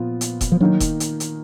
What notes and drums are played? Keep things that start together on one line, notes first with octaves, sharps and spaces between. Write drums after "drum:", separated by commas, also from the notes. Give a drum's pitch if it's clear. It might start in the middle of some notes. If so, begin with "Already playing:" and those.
Already playing: A#2 F3 B3 F4
drum: hi-hat
drum: kick E1, hi-hat
F3
D#3 F#3 A#3 D#4
drum: kick E1, hi-hat
drum: hi-hat
drum: hi-hat